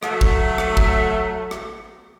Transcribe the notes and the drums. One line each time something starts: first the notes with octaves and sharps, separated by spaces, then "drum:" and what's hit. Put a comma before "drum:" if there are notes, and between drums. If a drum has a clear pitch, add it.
F#3 A3, drum: rim click
drum: kick
drum: rim click
drum: kick
drum: rim click